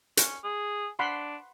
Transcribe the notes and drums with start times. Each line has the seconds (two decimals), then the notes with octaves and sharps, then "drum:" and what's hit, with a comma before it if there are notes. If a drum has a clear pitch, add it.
0.17 C#4, drum: hi-hat
0.43 G#4
0.99 D4 F#5 B5 C6